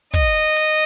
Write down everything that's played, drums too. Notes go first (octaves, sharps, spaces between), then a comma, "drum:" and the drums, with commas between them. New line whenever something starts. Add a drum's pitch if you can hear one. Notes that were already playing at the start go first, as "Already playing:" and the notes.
D#5, drum: kick, hi-hat
drum: hi-hat
drum: open hi-hat